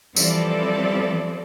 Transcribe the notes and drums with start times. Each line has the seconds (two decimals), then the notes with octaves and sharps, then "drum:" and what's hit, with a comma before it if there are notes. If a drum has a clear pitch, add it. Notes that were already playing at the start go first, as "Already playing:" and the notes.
0.16 E3 F3 G3 C4 A4 D5, drum: tambourine